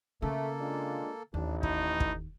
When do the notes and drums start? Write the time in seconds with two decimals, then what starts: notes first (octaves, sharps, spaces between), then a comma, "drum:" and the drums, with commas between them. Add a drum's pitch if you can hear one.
0.22 C#3 A3 A#3 A4
0.60 G#3 D4 F4
1.34 A1 D#2 D4
1.63 A3 D#4 E4, drum: kick
2.00 drum: kick